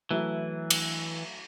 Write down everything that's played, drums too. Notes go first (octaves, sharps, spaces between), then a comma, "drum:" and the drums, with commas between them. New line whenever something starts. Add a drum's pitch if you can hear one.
E3 F#3 A3 E4
drum: cymbal